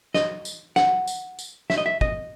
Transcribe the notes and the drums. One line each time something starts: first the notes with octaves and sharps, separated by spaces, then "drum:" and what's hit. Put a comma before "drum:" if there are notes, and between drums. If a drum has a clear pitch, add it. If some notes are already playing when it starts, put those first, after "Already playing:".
D#5, drum: snare
drum: tambourine
F#5, drum: snare
drum: tambourine
drum: tambourine
E5, drum: snare
D#5
E5
D#5, drum: kick